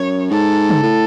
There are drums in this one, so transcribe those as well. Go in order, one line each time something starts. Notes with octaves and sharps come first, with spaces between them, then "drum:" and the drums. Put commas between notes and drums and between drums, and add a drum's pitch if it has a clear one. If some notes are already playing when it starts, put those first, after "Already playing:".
Already playing: F#2 C#5
G#2 A4
drum: tom C#3
A2